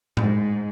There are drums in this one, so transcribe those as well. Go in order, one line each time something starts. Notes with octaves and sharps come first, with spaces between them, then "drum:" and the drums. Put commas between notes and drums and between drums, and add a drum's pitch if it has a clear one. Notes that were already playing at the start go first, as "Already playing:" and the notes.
G#2, drum: tom A2